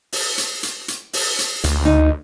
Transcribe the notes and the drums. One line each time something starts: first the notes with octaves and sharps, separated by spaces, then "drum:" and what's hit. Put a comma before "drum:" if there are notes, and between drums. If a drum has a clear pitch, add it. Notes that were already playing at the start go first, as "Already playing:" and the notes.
drum: open hi-hat
drum: hi-hat
drum: hi-hat
drum: hi-hat
drum: open hi-hat
drum: hi-hat
D2, drum: hi-hat
D#4